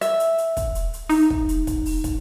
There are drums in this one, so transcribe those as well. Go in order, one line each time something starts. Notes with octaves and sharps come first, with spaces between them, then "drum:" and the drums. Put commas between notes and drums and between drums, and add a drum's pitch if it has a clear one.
E5, drum: hi-hat
drum: hi-hat
drum: hi-hat
drum: kick, hi-hat
drum: hi-hat
drum: hi-hat
D#4, drum: open hi-hat
drum: kick
drum: hi-hat
drum: kick, hi-hat
drum: open hi-hat
drum: kick, hi-hat